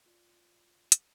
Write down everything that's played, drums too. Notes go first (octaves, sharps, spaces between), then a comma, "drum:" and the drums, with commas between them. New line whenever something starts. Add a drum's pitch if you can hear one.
F4 D5
drum: hi-hat